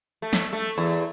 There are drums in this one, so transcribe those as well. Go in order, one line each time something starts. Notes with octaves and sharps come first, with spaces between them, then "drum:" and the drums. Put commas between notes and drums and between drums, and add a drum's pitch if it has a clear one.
A3
drum: snare
A3
E2